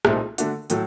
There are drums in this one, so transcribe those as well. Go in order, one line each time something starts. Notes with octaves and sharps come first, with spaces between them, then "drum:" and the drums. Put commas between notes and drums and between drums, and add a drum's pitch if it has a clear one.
C2 A#2 A3 C4 D#4, drum: rim click
D3 A3 D4 F#4, drum: hi-hat
A2 F#3 A3, drum: hi-hat